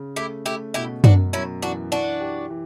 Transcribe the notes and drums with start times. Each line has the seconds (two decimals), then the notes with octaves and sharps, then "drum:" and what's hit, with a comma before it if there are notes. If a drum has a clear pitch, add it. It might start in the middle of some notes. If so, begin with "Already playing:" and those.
Already playing: C#3
0.16 A3 E4 G4
0.46 A3 E4 G4
0.74 B2 E4 G4
1.04 F#2 D4 F#4, drum: tom F#2
1.33 F#2 C#4 E4
1.62 E3 D4 F#4
1.92 E3 D4 F#4
2.20 G4
2.50 E3